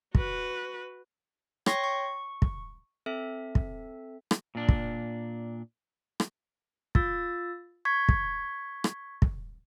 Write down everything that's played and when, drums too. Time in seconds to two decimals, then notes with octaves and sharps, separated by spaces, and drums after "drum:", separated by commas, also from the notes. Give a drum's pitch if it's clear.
0.15 F#4 B4, drum: kick
1.66 C#5 G5 C6 C#6 A#6 C7, drum: rim click
1.84 C#6
2.42 drum: kick
3.06 C4 A4 E5
3.55 drum: kick
4.31 drum: rim click
4.55 A#2 D4
4.69 drum: kick
6.20 drum: rim click
6.95 F4 E6 A6, drum: kick
7.85 C#6 G#6 B6
8.09 drum: kick
8.84 drum: rim click
9.22 drum: kick